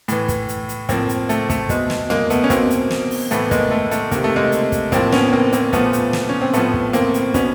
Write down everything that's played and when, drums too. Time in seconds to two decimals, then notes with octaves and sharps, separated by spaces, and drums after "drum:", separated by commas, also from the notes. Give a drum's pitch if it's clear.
0.08 A2 E3, drum: hi-hat
0.28 drum: kick, hi-hat
0.49 drum: hi-hat
0.69 drum: hi-hat
0.89 A2 F3 A#3 C4, drum: kick, hi-hat
1.09 drum: hi-hat
1.29 A3, drum: hi-hat
1.50 A3, drum: kick, hi-hat
1.69 B2 G#3, drum: kick, hi-hat
1.90 drum: snare
2.10 G#3 A#3, drum: tom
2.30 A3 B3, drum: hi-hat
2.44 C#4
2.50 B2 A#3 C4, drum: kick, hi-hat
2.70 drum: hi-hat
2.91 drum: snare
3.11 drum: open hi-hat
3.31 A2 E3 A3 B3, drum: hi-hat
3.51 G#3 A#3, drum: kick, hi-hat
3.71 A3
3.91 A3, drum: hi-hat
4.11 C3 D#3 A#3, drum: kick, hi-hat
4.24 A3
4.36 G#3 A#3
4.52 drum: hi-hat
4.72 drum: kick, hi-hat
4.92 A2 F3 A#3 C4, drum: kick, hi-hat
5.12 B3 C#4, drum: snare
5.32 A#3 C4
5.52 A#3 C4, drum: hi-hat
5.73 A#2 F3 A3 B3, drum: kick, hi-hat
5.93 drum: hi-hat
6.13 drum: snare
6.29 C#4
6.42 C4
6.53 A2 F3 A3 B3, drum: hi-hat
6.74 drum: kick
6.93 A#3 C4, drum: hi-hat
7.14 drum: hi-hat
7.34 B2 B3 C#4, drum: kick, hi-hat